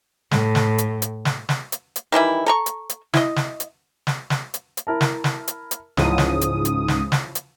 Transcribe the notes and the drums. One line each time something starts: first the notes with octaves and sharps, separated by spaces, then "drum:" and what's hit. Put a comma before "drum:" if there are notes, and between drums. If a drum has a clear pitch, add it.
A2, drum: snare
drum: snare
drum: hi-hat
drum: hi-hat
drum: snare
drum: snare
drum: hi-hat
drum: hi-hat
D#3 E3 G3 E4
A4 A#5 C#6
drum: hi-hat
drum: hi-hat
E4 D#5, drum: snare
drum: snare
drum: hi-hat
drum: snare
drum: snare
drum: hi-hat
drum: hi-hat
E4 A#4 A5
drum: snare
drum: snare
drum: hi-hat
drum: hi-hat
C#2 G#2 C#3 E3 F3 D#6, drum: snare
drum: snare
drum: hi-hat
drum: hi-hat
drum: snare
drum: snare
drum: hi-hat